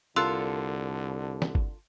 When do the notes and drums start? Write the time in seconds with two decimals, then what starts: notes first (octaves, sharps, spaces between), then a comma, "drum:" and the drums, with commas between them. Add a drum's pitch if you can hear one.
0.16 C2 D3 F4 A4 A#4 C6 E6 F#6
1.42 drum: snare
1.55 drum: kick G1